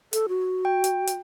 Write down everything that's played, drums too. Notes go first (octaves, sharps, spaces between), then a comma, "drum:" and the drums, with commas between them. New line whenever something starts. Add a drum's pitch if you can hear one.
A4, drum: hi-hat
F#4
G5
drum: hi-hat
drum: hi-hat